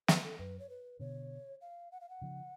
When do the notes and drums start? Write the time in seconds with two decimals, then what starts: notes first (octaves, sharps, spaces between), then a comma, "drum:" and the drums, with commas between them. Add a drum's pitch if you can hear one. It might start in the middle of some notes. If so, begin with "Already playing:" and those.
0.08 B4, drum: snare
0.24 A4
0.39 F#2 B4
0.59 C#5
0.70 B4
1.00 B2 D3 C#5
1.61 F5
1.92 F#5
2.01 F5
2.09 F#5
2.22 C#3 F3